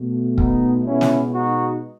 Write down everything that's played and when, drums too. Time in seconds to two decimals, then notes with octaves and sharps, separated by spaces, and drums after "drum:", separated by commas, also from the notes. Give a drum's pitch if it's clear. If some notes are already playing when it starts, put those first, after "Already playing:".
Already playing: B2 A3
0.38 B3 D#4, drum: kick
0.85 B2 G#3 B3 C#4 E4
1.01 drum: snare
1.33 D#4 F#4